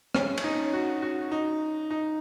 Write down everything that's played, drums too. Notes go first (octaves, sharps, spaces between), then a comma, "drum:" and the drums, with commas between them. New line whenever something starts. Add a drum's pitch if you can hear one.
C#4, drum: rim click
C#4, drum: cymbal
D#4
F#4
F#4
D#4
D#4